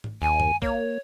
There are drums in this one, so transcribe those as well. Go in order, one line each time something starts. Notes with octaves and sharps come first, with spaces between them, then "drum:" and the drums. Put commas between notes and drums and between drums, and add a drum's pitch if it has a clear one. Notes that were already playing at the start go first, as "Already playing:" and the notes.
drum: tom G#2
D#2 G#5
drum: tom F#2
A#3 C#5, drum: kick